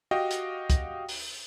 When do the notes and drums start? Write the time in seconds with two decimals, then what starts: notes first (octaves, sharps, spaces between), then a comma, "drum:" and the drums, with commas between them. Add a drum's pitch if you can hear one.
0.11 F#4 G4 D#5 F5 G5
0.31 drum: hi-hat
0.70 drum: kick, hi-hat
1.09 drum: open hi-hat